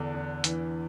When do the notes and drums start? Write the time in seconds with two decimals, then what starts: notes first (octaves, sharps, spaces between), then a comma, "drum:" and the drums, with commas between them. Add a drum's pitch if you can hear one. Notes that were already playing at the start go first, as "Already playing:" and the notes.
Already playing: E2 D3 D4
0.14 E2
0.44 E3, drum: hi-hat